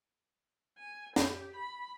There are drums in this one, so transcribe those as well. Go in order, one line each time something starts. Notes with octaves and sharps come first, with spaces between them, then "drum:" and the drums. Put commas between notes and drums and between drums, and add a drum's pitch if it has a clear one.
G#5
G4, drum: snare
B5